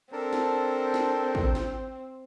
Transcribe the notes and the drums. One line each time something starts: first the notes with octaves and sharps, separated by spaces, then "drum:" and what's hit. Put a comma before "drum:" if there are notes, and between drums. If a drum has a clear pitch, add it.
C4 D4 A4 A#4
drum: snare
drum: snare
drum: kick
drum: snare